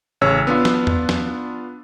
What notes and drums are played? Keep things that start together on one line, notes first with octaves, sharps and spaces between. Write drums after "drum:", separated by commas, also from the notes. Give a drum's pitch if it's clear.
A1 C#3 C#5 E6
B3 D4 F4
drum: snare
drum: tom E2
drum: snare